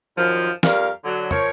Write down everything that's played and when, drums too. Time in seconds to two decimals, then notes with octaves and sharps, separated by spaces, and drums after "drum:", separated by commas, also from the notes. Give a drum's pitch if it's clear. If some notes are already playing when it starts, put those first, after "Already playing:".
0.17 F#2 D#3 F3
0.63 F2 G3 A#4 F5, drum: snare
1.04 D3 F#3
1.31 F3 A#4 C#5, drum: tom